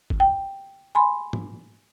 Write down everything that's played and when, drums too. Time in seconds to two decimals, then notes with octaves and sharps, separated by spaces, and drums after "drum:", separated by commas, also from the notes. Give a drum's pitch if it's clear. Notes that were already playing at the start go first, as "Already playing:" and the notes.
0.10 drum: kick
0.20 G5
0.95 G#5 B5 C6
1.33 drum: tom